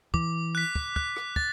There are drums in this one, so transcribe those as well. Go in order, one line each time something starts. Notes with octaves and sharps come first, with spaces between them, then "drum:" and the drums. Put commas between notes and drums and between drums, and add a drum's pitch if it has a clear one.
E3 D6, drum: kick
F#6 B6
drum: kick
F#6, drum: kick
drum: rim click
A6, drum: kick